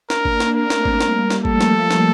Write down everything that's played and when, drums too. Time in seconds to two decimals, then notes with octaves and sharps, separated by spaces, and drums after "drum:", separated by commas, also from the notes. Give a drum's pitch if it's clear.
0.10 A#3 D4 A#4, drum: snare
0.25 drum: kick G#1
0.40 drum: snare
0.56 A3 C4 A#4
0.70 drum: snare
0.85 drum: kick G#1
1.00 G3 A#3, drum: snare
1.30 drum: snare
1.45 F3 A3 A4, drum: kick G#1
1.61 drum: snare
1.91 drum: snare